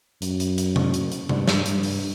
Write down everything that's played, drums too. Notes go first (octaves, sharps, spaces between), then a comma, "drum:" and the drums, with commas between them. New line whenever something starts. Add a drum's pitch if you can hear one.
F#2, drum: hi-hat
drum: hi-hat
drum: hi-hat
drum: tom C3
drum: hi-hat
drum: hi-hat
G2, drum: tom C3
drum: snare
G2, drum: hi-hat
drum: open hi-hat